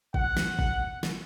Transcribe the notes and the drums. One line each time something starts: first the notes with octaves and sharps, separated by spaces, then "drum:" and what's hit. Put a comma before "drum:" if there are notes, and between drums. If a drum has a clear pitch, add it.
F#5, drum: kick
drum: snare
drum: kick
drum: snare